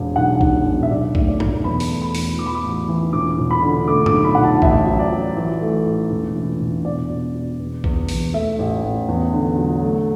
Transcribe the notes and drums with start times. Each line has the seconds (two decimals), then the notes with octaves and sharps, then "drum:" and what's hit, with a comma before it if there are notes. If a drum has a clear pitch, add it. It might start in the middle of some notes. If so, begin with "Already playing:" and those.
Already playing: E1
0.15 B1 F#5
0.41 B1, drum: kick A#1
0.65 B2
0.83 E5
0.90 B1 D5
1.15 A2, drum: kick A#1
1.27 D5
1.40 B1, drum: tom G2
1.64 E2 B5
1.80 drum: open hi-hat
1.89 A3
2.02 B5
2.15 E2, drum: open hi-hat
2.38 E3 D6
2.46 B5
2.55 D6
2.64 A1
2.88 E3
3.13 E1 D6
3.38 E1
3.51 B5
3.62 D3
3.88 A3 D6
4.06 D6, drum: tom G2
4.12 B1
4.24 B5
4.35 B1 F#5
4.43 A5
4.62 A1 E5, drum: kick A#1
4.87 F#3
4.99 D5
5.12 F#3
5.36 E3
5.61 A3
5.86 A1
6.10 E1
6.35 E3
6.60 E1
6.85 B2 D5
7.10 B2
7.34 B2
7.59 E2
7.84 E2, drum: kick A#1
8.09 E2, drum: open hi-hat
8.34 A3 E5
8.58 A1
8.83 A1
9.08 E2
9.33 D3
9.58 F#3
9.83 A3